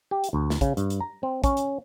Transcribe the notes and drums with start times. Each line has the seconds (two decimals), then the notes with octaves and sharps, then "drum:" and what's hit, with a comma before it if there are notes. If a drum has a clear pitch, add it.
0.11 G4
0.24 drum: hi-hat
0.33 D2
0.50 drum: snare
0.61 C#3, drum: kick, hi-hat
0.77 G2, drum: hi-hat
0.90 drum: hi-hat
1.00 A#5
1.23 C4
1.44 C#4, drum: kick, hi-hat
1.57 drum: hi-hat